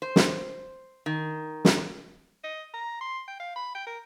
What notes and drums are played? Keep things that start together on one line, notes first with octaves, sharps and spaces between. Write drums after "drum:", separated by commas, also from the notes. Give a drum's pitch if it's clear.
C5
drum: snare
D#3
drum: snare
D#5
A#5
C6
G5
F5
B5
G5
A#4